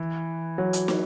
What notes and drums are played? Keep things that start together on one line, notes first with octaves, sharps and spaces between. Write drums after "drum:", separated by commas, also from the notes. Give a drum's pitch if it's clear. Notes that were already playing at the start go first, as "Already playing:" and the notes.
Already playing: E3
F#3
drum: hi-hat
drum: snare